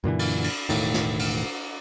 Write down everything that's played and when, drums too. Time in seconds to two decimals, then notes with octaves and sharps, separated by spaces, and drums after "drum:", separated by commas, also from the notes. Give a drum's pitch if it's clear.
0.04 F#2 A#2 D3 E3
0.19 drum: cymbal
0.44 drum: cymbal
0.69 E1 B1 A2 D#3, drum: cymbal
0.94 drum: snare
1.19 drum: cymbal